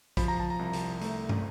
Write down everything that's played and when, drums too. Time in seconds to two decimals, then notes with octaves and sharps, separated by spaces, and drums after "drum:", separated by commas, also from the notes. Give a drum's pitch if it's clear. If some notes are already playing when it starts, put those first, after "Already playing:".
0.17 F3 B5, drum: kick, hi-hat
0.28 A#5
0.40 A5
0.50 A#5
0.59 C2
0.73 drum: hi-hat
1.01 A3, drum: hi-hat
1.29 drum: tom